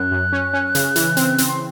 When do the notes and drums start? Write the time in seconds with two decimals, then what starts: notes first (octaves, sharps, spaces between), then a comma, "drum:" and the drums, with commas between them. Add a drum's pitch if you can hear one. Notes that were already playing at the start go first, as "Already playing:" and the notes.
Already playing: F#2 C#4 F#6
0.12 F#2
0.33 C#4
0.53 C#4
0.75 C#3, drum: hi-hat
0.96 E3, drum: hi-hat
1.17 C4, drum: hi-hat
1.38 C4, drum: hi-hat
1.48 C6